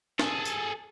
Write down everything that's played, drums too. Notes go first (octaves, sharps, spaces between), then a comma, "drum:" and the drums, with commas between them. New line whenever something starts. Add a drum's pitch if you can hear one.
G#4 A4, drum: snare
drum: tambourine